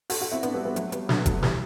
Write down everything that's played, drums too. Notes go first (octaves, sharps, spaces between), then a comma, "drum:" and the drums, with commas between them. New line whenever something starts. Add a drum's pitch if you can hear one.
F#4 A4, drum: open hi-hat
F#4 A4
C4 E4
B3 D4, drum: hi-hat
G3 B3
G3 B3
F#3 A3, drum: hi-hat
G3 B3, drum: hi-hat
D3 F#3, drum: snare
F#3 A3, drum: kick F1, hi-hat
E3 G3, drum: snare